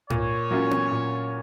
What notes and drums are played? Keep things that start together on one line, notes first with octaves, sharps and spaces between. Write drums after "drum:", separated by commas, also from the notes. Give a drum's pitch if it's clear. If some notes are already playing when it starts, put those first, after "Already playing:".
A#2 C#5, drum: tom G#2
F#3 A#3 C#4 F4
drum: tom B3
A#2